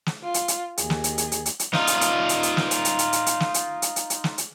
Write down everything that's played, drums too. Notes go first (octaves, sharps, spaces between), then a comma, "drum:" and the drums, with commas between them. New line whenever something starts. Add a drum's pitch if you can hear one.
drum: snare
F4
drum: hi-hat
drum: hi-hat
D#2 G#4, drum: hi-hat
drum: snare
drum: hi-hat
drum: hi-hat
drum: hi-hat
drum: hi-hat
drum: hi-hat
D#4 F4, drum: snare
drum: hi-hat
drum: hi-hat
drum: hi-hat
drum: hi-hat
drum: snare
drum: hi-hat
drum: hi-hat
drum: hi-hat
drum: hi-hat
drum: hi-hat
drum: snare
drum: hi-hat
drum: hi-hat
drum: hi-hat
drum: hi-hat
drum: snare
drum: hi-hat